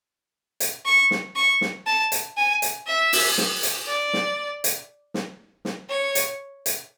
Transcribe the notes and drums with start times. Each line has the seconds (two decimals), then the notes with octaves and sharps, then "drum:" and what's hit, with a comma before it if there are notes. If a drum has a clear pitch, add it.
0.60 drum: hi-hat
0.86 C#6
1.11 drum: snare
1.36 C#6
1.61 drum: snare
1.86 A5
2.12 drum: hi-hat
2.37 G#5
2.62 drum: hi-hat
2.87 E5
3.13 drum: open hi-hat
3.38 drum: snare
3.63 drum: hi-hat
3.88 D5
4.13 drum: snare
4.64 drum: hi-hat
5.14 drum: snare
5.65 drum: snare
5.90 C#5
6.15 drum: hi-hat
6.66 drum: hi-hat